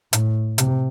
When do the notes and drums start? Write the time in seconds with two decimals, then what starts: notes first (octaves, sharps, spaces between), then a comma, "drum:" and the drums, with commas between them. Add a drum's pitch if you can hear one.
0.13 A2, drum: hi-hat
0.58 C3, drum: hi-hat